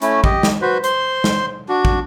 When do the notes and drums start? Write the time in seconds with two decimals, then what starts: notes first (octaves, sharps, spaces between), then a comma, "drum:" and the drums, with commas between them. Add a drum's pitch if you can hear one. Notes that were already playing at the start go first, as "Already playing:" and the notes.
0.02 A3 C#4 E4, drum: hi-hat
0.24 G4 D#5, drum: kick
0.43 drum: snare
0.61 F#4 B4 C5
0.84 C5 C6, drum: hi-hat
1.24 drum: snare
1.69 D4 F#4
1.85 drum: kick